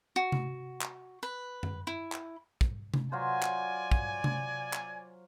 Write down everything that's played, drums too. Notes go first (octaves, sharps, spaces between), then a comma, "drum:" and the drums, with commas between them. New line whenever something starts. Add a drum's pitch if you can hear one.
F#4
drum: tom C3
drum: clap
B4
drum: tom F#2
E4
drum: clap
drum: kick
drum: tom C3
F#3 F4 C5 D5 G#5
drum: clap
drum: kick
drum: tom C3
drum: clap